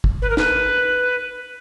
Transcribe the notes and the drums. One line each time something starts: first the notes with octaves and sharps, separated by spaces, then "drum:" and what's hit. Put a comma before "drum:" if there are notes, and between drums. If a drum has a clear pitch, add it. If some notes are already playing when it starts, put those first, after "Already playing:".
drum: kick
B4
A#4
B4, drum: snare